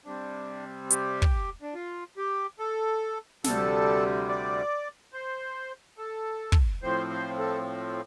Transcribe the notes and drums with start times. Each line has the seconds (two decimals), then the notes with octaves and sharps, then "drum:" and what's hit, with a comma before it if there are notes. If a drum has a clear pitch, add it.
0.05 C3 G3 C4 D4
0.91 G4, drum: hi-hat
1.22 drum: kick
1.62 D4
1.74 F4
2.17 G4
2.59 A4
3.44 D2 C3 G3 A4, drum: snare
4.29 D5
5.13 C5
5.98 A4
6.52 drum: kick
6.83 A2 F3 C4 C5
7.10 C5
7.38 A4